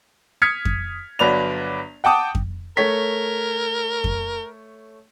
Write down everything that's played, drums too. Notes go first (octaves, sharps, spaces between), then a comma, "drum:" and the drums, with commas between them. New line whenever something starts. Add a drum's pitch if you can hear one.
D#6 F6 G#6 B6 C#7
drum: kick F2
G1 F#3 B4 D5 F7
F#5 G5 A5 D6 D#6
drum: kick F2
A3 A#4 C#5 B6
drum: kick F2